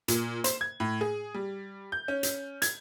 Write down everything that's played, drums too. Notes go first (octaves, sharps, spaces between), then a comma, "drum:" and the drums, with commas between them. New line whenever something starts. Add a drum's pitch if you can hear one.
A#2, drum: hi-hat
C5, drum: hi-hat
G#6
A2
G#4
G3
G6
C#4
drum: hi-hat
G#6, drum: hi-hat